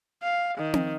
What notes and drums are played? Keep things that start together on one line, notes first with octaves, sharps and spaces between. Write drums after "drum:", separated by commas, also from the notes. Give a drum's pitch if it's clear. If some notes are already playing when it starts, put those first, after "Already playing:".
F5
D#3
drum: tom C4